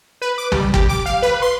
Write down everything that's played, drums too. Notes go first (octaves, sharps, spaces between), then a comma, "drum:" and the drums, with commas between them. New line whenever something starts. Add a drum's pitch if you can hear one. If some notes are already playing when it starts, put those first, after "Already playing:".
B4
D6
G3, drum: tom
G4, drum: kick
D6
F5
B4
C6